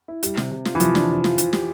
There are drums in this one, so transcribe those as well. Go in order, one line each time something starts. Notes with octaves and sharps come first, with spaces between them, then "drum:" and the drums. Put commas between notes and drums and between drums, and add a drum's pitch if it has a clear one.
E4
G3, drum: hi-hat
C3, drum: snare
C3
F4, drum: snare
E3
C3 F3, drum: hi-hat
D4, drum: snare
C3
F4, drum: snare
F3, drum: hi-hat
G4, drum: snare